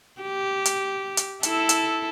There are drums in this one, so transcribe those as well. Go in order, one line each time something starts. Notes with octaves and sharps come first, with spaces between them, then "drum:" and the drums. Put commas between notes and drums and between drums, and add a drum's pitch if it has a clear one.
G4
drum: hi-hat
drum: hi-hat
E4 A4, drum: hi-hat
drum: hi-hat